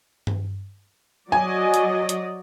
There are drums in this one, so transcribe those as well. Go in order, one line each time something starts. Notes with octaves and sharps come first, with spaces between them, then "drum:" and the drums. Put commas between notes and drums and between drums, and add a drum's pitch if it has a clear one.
drum: tom G2
F#3 D5 D#5 G#5
drum: hi-hat
drum: hi-hat